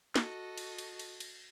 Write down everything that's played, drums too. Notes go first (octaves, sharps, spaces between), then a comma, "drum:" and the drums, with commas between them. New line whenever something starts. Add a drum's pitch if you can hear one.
F#4 A4 D#5, drum: snare
drum: cymbal
drum: cymbal
drum: cymbal
drum: cymbal